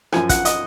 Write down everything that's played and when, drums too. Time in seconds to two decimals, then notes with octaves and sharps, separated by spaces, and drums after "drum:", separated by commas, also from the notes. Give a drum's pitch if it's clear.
0.12 F#2 F3 G#5, drum: rim click
0.29 F#5, drum: kick, hi-hat
0.45 D#5, drum: hi-hat